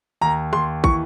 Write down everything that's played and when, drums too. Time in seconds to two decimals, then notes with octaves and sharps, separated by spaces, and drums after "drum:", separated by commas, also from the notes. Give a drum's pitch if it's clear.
0.21 D#2 A#5
0.53 D#2 C6, drum: rim click
0.84 E3 C#6, drum: kick